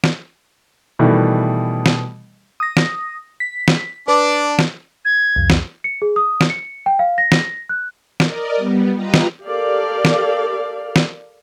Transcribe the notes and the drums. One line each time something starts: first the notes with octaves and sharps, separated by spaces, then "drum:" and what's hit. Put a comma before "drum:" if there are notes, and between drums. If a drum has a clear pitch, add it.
drum: snare
B2 D#3 E3 G3 A3
drum: snare
D#6 A#6
drum: snare
B6
drum: snare
D4 B4 D5
drum: snare
G#6
C2 F2
drum: snare
C#7
G#4
D#6
drum: snare
C#7
G5
F5
A#6
drum: snare
F#6
A#4 D5 D#5, drum: snare
G3 B3
F4 G4 B4 D#5 A#5
drum: snare
G4 A4 A#4 D5 F5
drum: snare
drum: snare